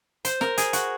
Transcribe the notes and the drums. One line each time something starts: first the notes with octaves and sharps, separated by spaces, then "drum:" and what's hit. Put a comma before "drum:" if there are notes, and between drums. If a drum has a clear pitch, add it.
C5, drum: hi-hat
A#4, drum: snare
G#4, drum: hi-hat
F#4, drum: hi-hat